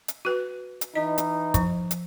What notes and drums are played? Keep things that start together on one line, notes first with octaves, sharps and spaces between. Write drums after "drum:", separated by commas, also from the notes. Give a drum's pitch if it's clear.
drum: hi-hat
F#4 B4
drum: hi-hat
E3 D#4 E4 D#5
drum: hi-hat
F3, drum: kick, hi-hat
drum: hi-hat